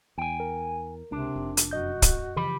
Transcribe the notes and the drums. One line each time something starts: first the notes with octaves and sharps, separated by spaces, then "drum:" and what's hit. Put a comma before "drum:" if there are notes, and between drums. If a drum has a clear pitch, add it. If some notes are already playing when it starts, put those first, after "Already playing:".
E2 G5 G#5
A#4
C#2 C3 D4
F1
drum: hi-hat
F#2 F#4 D#5 G6
drum: kick, hi-hat
C#3 E3 F3 G4 B5